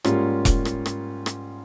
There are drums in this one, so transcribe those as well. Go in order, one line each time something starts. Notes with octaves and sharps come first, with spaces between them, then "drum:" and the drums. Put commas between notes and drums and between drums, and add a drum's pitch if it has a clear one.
G#2 G3 A#3 C#4 F4, drum: rim click
drum: kick E1, hi-hat
drum: rim click
drum: rim click
drum: rim click